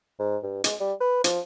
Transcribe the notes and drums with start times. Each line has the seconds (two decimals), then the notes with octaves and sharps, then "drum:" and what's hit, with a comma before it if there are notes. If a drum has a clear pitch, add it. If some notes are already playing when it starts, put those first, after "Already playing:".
0.19 G#2
0.43 G2
0.64 G#3, drum: hi-hat
0.80 G3
1.00 B4
1.24 F3, drum: hi-hat